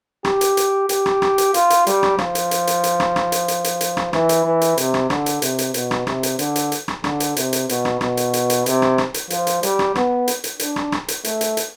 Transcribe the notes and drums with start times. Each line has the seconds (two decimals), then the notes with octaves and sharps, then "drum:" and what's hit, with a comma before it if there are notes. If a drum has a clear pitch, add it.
0.25 G4, drum: rim click
0.41 drum: hi-hat
0.57 drum: hi-hat
0.89 G4, drum: hi-hat
1.06 drum: rim click
1.22 drum: rim click
1.38 drum: hi-hat
1.54 F4, drum: hi-hat
1.70 drum: hi-hat
1.87 G3, drum: hi-hat
2.03 drum: rim click
2.18 F3, drum: rim click
2.35 drum: hi-hat
2.51 drum: hi-hat
2.67 drum: hi-hat
2.84 drum: hi-hat
3.00 drum: rim click
3.16 drum: rim click
3.32 drum: hi-hat
3.48 drum: hi-hat
3.64 drum: hi-hat
3.81 drum: hi-hat
3.97 drum: rim click
4.13 E3, drum: rim click
4.29 drum: hi-hat
4.45 E3
4.61 drum: hi-hat
4.78 C3, drum: hi-hat
4.94 drum: rim click
5.10 D3, drum: rim click
5.26 drum: hi-hat
5.42 C3, drum: hi-hat
5.59 drum: hi-hat
5.74 B2, drum: hi-hat
5.91 drum: rim click
6.07 C3, drum: rim click
6.23 drum: hi-hat
6.39 D3, drum: hi-hat
6.56 drum: hi-hat
6.72 drum: hi-hat
6.88 drum: rim click
7.04 D3, drum: rim click
7.20 drum: hi-hat
7.36 C3, drum: hi-hat
7.53 drum: hi-hat
7.69 B2, drum: hi-hat
7.85 drum: rim click
8.01 B2, drum: rim click
8.17 drum: hi-hat
8.33 drum: hi-hat
8.50 drum: hi-hat
8.66 C3, drum: hi-hat
8.82 drum: rim click
8.98 drum: rim click
9.14 drum: hi-hat
9.30 F3, drum: hi-hat
9.47 drum: hi-hat
9.63 G3, drum: hi-hat
9.79 drum: rim click
9.95 B3, drum: rim click
10.28 drum: hi-hat
10.44 drum: hi-hat
10.59 D4, drum: hi-hat
10.76 drum: rim click
10.92 drum: rim click
11.08 drum: hi-hat
11.24 A3, drum: hi-hat
11.41 drum: hi-hat
11.57 drum: hi-hat